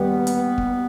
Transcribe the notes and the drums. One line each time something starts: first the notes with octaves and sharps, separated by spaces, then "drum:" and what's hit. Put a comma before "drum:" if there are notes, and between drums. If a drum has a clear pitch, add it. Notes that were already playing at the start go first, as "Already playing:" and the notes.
Already playing: D#2 G3 B3
drum: hi-hat
drum: kick